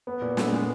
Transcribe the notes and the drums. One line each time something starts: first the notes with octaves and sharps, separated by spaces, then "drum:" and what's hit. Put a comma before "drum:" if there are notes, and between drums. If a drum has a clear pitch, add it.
B3
A#2
B3, drum: snare
G#3